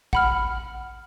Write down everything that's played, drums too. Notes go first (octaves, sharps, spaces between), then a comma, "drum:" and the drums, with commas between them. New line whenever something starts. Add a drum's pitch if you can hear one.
F#5 B5 F6, drum: kick A1